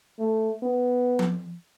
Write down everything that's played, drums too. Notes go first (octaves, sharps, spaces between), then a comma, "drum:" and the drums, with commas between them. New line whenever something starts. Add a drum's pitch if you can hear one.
A3
B3
drum: tom F3